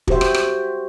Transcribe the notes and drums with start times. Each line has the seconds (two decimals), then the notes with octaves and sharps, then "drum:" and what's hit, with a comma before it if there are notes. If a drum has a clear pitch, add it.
0.08 F#4 G4 C5 E5, drum: kick
0.21 drum: rim click
0.34 drum: rim click